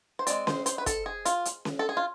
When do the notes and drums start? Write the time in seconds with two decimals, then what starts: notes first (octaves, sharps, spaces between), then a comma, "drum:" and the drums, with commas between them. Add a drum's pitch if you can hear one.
0.19 C5
0.27 G#3 C4 D5, drum: hi-hat
0.47 C5, drum: snare C#4
0.66 C5, drum: hi-hat
0.78 B4
0.86 A4, drum: kick, hi-hat
1.06 G#4
1.25 F4, drum: hi-hat
1.45 drum: hi-hat
1.65 drum: snare C#4
1.79 A4
1.89 G#4
1.97 F4